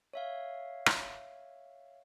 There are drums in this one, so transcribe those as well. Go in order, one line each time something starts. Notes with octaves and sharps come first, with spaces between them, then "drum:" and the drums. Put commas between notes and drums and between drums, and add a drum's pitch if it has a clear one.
C#5 E5 F5
drum: rim click